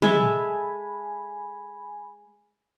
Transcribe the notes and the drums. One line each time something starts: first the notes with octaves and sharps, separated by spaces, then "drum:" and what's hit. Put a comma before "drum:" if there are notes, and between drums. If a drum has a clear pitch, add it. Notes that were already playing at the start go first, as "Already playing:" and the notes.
G#3 A4 E5 G#5 B5, drum: tom